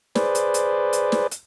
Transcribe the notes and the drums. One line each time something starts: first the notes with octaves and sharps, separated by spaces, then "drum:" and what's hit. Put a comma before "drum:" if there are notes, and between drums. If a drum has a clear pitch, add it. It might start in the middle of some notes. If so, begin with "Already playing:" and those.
G#4 B4 C5 D5, drum: snare
drum: hi-hat
drum: hi-hat
drum: hi-hat
drum: snare
drum: hi-hat